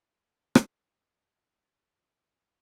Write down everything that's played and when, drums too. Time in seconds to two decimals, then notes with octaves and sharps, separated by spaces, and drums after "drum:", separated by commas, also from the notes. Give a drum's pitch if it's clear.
0.55 drum: rim click
1.04 D4
1.89 D#3